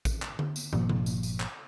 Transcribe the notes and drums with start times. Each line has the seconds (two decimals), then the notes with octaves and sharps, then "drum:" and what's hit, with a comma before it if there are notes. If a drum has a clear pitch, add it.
0.05 drum: kick A1, tambourine
0.22 drum: clap
0.39 drum: tom D3
0.56 drum: tambourine
0.73 G1 A#2 F3 A#3, drum: tom
0.89 drum: tom C3
1.06 drum: tambourine
1.23 drum: tambourine
1.40 drum: clap